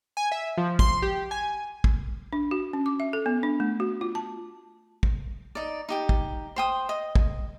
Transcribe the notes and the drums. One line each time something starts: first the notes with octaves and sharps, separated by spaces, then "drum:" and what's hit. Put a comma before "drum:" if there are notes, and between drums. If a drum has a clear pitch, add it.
G#5
E5
F3
C6, drum: kick
G4
G#5
drum: kick
D4
F#4
C#4
D6
E5
A4
B3
D4
A3
F#4
F4
A5
drum: kick
D#4 D5
D#4 G4 G5
drum: kick
C5 G5 D#6
D#5
drum: kick